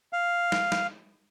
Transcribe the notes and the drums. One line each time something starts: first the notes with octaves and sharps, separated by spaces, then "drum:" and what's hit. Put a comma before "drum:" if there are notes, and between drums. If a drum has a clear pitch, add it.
F5
drum: snare
drum: snare